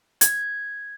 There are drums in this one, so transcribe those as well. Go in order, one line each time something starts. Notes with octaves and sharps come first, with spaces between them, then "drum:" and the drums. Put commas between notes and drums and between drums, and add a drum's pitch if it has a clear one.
G#6, drum: hi-hat